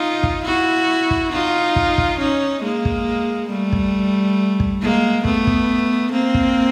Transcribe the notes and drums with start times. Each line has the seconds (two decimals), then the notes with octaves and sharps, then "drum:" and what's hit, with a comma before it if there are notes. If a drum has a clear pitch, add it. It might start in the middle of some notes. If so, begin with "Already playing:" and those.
Already playing: D#4 F4
0.23 drum: kick
0.45 E4 F#4
1.11 drum: kick
1.32 D#4 F4
1.76 drum: kick
1.98 drum: kick
2.20 C#4 D#4
2.63 G#3 A#3
2.85 drum: kick
3.50 G3 A3
3.73 drum: kick
4.60 drum: kick
4.82 G#3 A#3
5.25 A3 B3, drum: kick
5.47 drum: kick
6.12 A#3 C4
6.34 drum: kick